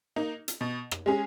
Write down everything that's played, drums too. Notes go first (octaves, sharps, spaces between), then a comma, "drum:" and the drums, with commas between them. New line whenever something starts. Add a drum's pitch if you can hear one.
A#3 D#4
drum: hi-hat
B2
drum: rim click
G#3 C#4 G#4